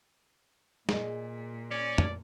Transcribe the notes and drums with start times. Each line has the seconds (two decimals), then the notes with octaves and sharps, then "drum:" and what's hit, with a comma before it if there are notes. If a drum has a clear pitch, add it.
0.89 A#2 G#4 D#5, drum: snare
1.71 C#4 D5
1.98 drum: tom